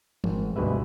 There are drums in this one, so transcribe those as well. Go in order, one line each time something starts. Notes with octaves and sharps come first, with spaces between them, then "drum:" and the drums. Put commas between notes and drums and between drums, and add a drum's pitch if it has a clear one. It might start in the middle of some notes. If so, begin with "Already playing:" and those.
G#1, drum: tom E3
D2 G2 B2 G#3 B4 E5